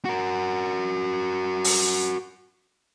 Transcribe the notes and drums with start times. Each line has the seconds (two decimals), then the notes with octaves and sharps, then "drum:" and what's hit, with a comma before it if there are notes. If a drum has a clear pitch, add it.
0.05 F#4 A#4
1.64 drum: open hi-hat